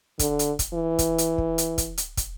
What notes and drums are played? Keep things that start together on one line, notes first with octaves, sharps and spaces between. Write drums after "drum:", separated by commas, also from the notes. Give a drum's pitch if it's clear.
D3, drum: kick, hi-hat
drum: hi-hat
drum: kick, hi-hat
E3
drum: kick, hi-hat
drum: hi-hat
drum: kick
drum: hi-hat
drum: kick, hi-hat
drum: hi-hat
drum: kick, hi-hat